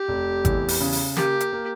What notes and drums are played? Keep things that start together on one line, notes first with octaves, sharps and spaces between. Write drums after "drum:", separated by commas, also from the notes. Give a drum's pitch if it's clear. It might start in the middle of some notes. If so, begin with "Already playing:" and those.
Already playing: G4
F1
E2, drum: kick G#1, hi-hat
drum: open hi-hat
C#3
drum: open hi-hat
A#3 G4, drum: snare
drum: hi-hat
A#3